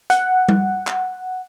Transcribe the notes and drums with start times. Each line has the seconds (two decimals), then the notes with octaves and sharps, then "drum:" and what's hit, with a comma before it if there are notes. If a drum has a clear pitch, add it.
0.10 F#5, drum: hi-hat
0.49 drum: tom G3
0.87 drum: clap